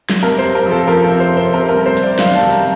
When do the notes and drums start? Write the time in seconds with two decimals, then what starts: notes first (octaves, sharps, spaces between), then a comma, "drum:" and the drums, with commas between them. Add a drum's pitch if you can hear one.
0.10 drum: snare
0.23 C3 A#4
0.39 C5
0.45 C3
0.55 A#4
0.66 F3
0.71 A4
0.87 F3 A#4
1.04 A4
1.10 C3
1.20 C5
1.32 C3 C5
1.54 C3 A#4
1.69 A#4
1.76 G3
1.86 C5
1.97 C3, drum: hi-hat
2.03 D5
2.19 D#3 F5, drum: snare
2.35 A5
2.41 C3
2.51 A#5